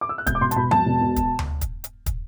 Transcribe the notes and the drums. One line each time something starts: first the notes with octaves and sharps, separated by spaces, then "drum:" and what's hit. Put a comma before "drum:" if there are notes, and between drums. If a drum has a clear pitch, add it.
D6
E6
F#6
E1 G6, drum: kick, hi-hat
D6
E1 C6
A5, drum: hi-hat
B2 B5
E1 A5, drum: tom F3
E1
B2
drum: kick, hi-hat
drum: tom D2
drum: kick, hi-hat
drum: hi-hat
drum: kick, hi-hat